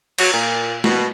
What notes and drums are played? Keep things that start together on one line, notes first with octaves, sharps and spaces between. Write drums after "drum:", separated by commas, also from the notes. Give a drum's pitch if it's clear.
F#3, drum: cymbal
A#2
B2, drum: snare